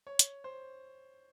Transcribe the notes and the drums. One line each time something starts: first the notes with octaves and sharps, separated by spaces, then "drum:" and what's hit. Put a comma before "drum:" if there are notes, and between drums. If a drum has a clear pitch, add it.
C#5
drum: hi-hat
C5